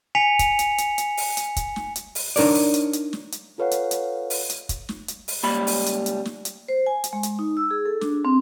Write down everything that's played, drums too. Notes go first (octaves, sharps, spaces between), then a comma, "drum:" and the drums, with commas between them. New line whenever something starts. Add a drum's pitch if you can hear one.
G#5 B6 C#7 F7
drum: kick, hi-hat
drum: hi-hat
drum: hi-hat
drum: hi-hat
drum: open hi-hat
drum: hi-hat
drum: kick, hi-hat
drum: snare
drum: hi-hat
drum: open hi-hat
D4 D#4 A#4 C#5 D5, drum: open hi-hat
drum: open hi-hat
drum: hi-hat
drum: hi-hat
drum: snare
drum: hi-hat
F4 A4 B4 C#5 F5 F#5
drum: hi-hat
drum: hi-hat
drum: open hi-hat
drum: hi-hat
drum: kick, hi-hat
drum: snare
drum: hi-hat
drum: open hi-hat
C#2 G3 A#3 B5
drum: open hi-hat
drum: hi-hat
drum: hi-hat
drum: snare
drum: hi-hat
C5
G#5
drum: hi-hat
G#3
drum: hi-hat
D#4
E6
G#4
A4
D4, drum: snare
C4